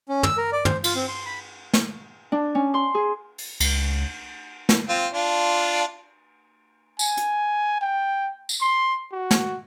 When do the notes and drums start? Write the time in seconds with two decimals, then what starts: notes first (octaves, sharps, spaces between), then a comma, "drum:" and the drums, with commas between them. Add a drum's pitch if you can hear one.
0.09 C#4
0.23 E6, drum: tom
0.37 A#4
0.52 D5
0.65 C5, drum: tom
0.84 F4, drum: cymbal
0.95 C4
1.08 C6
1.26 B5
1.73 drum: snare
2.32 D4
2.55 C#4
2.74 C6
2.95 G#4
3.38 drum: open hi-hat
3.60 C#2, drum: cymbal
4.69 drum: snare
4.89 C4 F4
5.14 D4 F4
6.99 G#5, drum: tambourine
7.17 drum: hi-hat
7.81 G5
8.49 drum: tambourine
8.61 C6
9.12 F#4
9.31 drum: snare